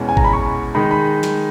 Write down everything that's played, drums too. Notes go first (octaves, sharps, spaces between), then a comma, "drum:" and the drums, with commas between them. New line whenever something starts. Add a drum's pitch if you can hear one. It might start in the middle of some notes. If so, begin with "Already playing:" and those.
Already playing: E2 B2 G#3 C#4
G#5
A#5, drum: kick G#1
B5
C#6
D#3 G#3 D#4 B5
B5
drum: snare